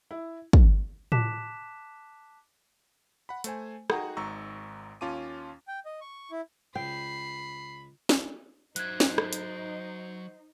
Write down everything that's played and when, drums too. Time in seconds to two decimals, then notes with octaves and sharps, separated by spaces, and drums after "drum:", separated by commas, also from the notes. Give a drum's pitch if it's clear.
0.11 E4
0.53 drum: kick
1.12 A5 D6 F#6 B6 E7, drum: tom A2
3.29 F#5 B5
3.44 A3 C5 G#5, drum: hi-hat
3.90 D#4 F#4 G#4 F#5 G5 A#5, drum: rim click
4.17 G#1 G#2 A#5 C#6 E6
5.01 D#2 C#4 F4 A5 D6 D#7
5.68 G5
5.86 D#5
6.01 C#6
6.31 E4
6.76 C#2 G5 B5 C7
8.09 drum: snare
8.76 F#3 D#4 C5 E5 F#6 G#6, drum: hi-hat
9.00 drum: snare
9.18 drum: rim click
9.33 drum: hi-hat